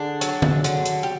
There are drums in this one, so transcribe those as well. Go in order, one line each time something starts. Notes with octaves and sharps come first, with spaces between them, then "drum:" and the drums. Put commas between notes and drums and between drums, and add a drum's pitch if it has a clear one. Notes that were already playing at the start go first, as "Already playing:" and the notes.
Already playing: D3 D4 G#4
F#3, drum: hi-hat
drum: tom D3
D3, drum: hi-hat
drum: hi-hat
G4